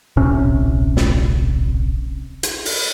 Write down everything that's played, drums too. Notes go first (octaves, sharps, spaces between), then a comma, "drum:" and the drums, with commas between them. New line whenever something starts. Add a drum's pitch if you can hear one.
D1 A#1 C3 C#4
drum: snare
drum: hi-hat
drum: open hi-hat